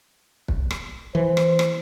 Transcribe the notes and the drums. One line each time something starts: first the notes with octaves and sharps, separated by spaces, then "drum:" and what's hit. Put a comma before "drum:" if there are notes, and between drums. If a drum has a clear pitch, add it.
drum: kick
drum: rim click
E3 C5
drum: rim click
drum: rim click